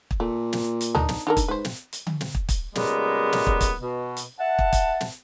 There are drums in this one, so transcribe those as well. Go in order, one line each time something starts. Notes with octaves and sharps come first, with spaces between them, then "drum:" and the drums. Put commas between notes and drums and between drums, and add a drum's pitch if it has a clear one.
drum: kick
A#2 A3
drum: snare
drum: hi-hat
D#3 D4 D#4, drum: tom
drum: snare
D#3 D4 A4 A#4
drum: kick, hi-hat
G#2 B4 C5
drum: snare
drum: hi-hat
drum: tom D3
drum: snare
drum: kick
drum: kick, hi-hat
A#2 C#3 G3 G#3 A#3 B3, drum: snare
drum: snare
drum: kick
drum: kick, hi-hat
B2
drum: hi-hat
E5 F#5 A5
drum: kick
drum: kick, hi-hat
drum: snare